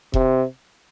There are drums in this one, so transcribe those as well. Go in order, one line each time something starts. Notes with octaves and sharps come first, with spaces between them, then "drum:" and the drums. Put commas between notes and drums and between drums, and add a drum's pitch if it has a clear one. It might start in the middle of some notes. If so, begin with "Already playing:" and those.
C3, drum: kick E1